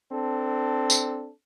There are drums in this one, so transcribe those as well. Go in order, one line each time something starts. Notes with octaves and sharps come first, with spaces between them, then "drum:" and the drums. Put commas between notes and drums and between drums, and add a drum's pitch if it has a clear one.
C4 D4 A4
drum: tambourine